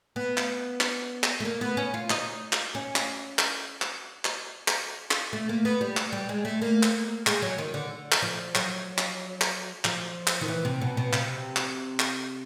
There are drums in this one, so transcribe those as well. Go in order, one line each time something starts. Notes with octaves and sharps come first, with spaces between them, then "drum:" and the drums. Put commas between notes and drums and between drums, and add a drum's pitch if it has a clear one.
B3
drum: clap
drum: clap
drum: clap
A3
A#3
B3
C#4
F4
D#4, drum: clap
drum: clap
C#4
drum: clap
drum: clap
drum: clap
drum: clap
drum: clap
drum: clap
A3
A#3
B3
G3
drum: clap
G3
G#3
A3
A#3
drum: clap
G#3, drum: clap
F#3
D#3
D3
drum: clap
F3
F#3, drum: clap
drum: clap
drum: clap
F3, drum: clap
drum: clap
D#3
E3
C3
B2
B2
C3, drum: clap
drum: clap
drum: clap